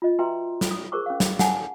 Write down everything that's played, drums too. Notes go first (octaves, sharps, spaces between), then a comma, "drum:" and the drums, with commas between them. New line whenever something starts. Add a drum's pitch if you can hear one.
F4 D#5
F#4 B4 E5 G5 A#5 C6
drum: snare
D#6
G#4 A#4 C5 C#6 D6
C#4 F5
drum: snare
F#5 G#5 A5, drum: snare